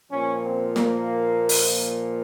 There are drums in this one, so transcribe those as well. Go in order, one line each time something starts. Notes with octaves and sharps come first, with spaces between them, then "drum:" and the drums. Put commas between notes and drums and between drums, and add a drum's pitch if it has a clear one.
A#2 F3 C#4
C4
A#3, drum: snare
drum: open hi-hat